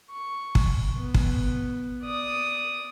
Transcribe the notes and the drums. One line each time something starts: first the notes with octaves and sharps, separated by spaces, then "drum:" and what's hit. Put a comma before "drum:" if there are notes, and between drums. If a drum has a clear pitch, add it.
C#6
drum: kick
B3
drum: kick
D5 D#6